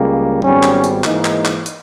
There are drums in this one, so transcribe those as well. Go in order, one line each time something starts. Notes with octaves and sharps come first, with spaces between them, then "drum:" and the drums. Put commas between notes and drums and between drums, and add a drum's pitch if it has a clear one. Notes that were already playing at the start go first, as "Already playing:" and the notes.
Already playing: C#2 C#3 G3 A#3
G#1 G#2 G3 B3 C#4, drum: tom F#3
drum: clap
drum: hi-hat
G#2 E3 A#3 D#4, drum: clap
drum: clap
drum: clap
drum: hi-hat